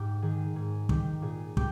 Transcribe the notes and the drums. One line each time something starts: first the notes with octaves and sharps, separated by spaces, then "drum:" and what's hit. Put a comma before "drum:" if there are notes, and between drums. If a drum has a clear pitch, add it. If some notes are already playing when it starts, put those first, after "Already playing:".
Already playing: G#2 G4
D#3 G#4
G#2 G#4
D#3 G4, drum: kick
A#2 G#4
G4, drum: kick